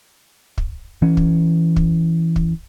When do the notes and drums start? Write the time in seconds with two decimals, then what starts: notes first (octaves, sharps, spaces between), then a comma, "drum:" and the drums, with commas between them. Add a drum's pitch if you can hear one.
0.58 drum: kick
1.02 E3 C#4
1.17 drum: kick
1.76 drum: kick
2.36 drum: kick